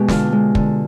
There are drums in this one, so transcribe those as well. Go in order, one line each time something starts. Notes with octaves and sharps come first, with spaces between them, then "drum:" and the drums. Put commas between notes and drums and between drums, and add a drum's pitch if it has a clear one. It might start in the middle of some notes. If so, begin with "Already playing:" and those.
Already playing: B2 G#3 G4
D3 D4 F4, drum: snare
G#3
D3, drum: kick